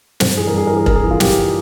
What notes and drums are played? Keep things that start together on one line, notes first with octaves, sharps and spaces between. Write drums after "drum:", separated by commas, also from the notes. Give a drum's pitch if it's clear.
G2 C5, drum: snare
E3 G#4
A#4
G2 G#4
E3 A#4
G#4
E3 A#4, drum: kick E1
G#4
E3
F4
E3 G4, drum: snare